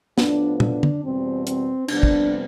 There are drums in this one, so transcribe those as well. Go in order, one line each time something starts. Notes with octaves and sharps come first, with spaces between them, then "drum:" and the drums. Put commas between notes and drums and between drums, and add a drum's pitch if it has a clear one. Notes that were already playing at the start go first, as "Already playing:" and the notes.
A2 F3 B3 D4, drum: snare
D4, drum: tom
drum: tom
E2 B2 G3 C4
C4, drum: hi-hat
F2 C3 G3 B3 D4, drum: cymbal
drum: kick